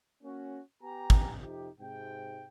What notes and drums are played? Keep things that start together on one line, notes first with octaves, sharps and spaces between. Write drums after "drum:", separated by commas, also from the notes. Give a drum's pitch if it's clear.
A#3 C#4 F#4
B3 G4 G#5 A#5
drum: kick
F2 C3 D#4 G4
G#2 C3 G5